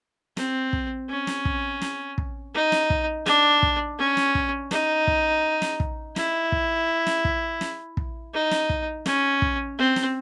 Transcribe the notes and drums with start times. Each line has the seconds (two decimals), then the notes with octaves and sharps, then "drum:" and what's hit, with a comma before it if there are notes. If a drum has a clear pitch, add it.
0.37 C4, drum: snare
0.73 drum: kick
1.09 C#4
1.27 drum: snare
1.45 drum: kick
1.82 drum: snare
2.18 drum: kick
2.54 D#4
2.72 drum: snare
2.90 drum: kick
3.26 D4, drum: snare
3.63 drum: kick
3.99 C#4
4.17 drum: snare
4.35 drum: kick
4.71 D#4, drum: snare
5.07 drum: kick
5.62 drum: snare
5.80 drum: kick
6.16 E4, drum: snare
6.52 drum: kick
7.07 drum: snare
7.25 drum: kick
7.61 drum: snare
7.97 drum: kick
8.34 D#4
8.51 drum: snare
8.70 drum: kick
9.06 C#4, drum: snare
9.42 drum: kick
9.78 C4
9.96 drum: snare